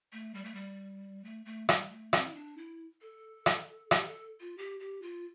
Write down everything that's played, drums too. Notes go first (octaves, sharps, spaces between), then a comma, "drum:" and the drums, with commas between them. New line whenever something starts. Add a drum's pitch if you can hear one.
A3
G3
A3
G3
A3
A3
G3, drum: rim click
A3
C4, drum: rim click
E4
D4
E4
A4
drum: rim click
G4, drum: rim click
A4
F4
G4
G4
F4